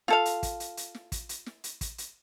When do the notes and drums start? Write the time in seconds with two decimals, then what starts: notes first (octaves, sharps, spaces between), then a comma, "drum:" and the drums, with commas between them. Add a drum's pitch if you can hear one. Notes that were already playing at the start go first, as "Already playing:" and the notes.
0.08 F4 A4 F5, drum: snare
0.25 drum: hi-hat
0.43 drum: kick, hi-hat
0.60 drum: hi-hat
0.77 drum: hi-hat
0.95 drum: snare
1.12 drum: kick, hi-hat
1.29 drum: hi-hat
1.46 drum: snare
1.64 drum: hi-hat
1.81 drum: kick, hi-hat
1.98 drum: hi-hat